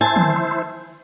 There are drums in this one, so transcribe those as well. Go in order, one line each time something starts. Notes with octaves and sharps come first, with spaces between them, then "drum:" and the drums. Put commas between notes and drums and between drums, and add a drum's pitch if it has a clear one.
E4 C5 G#5 A5
drum: tom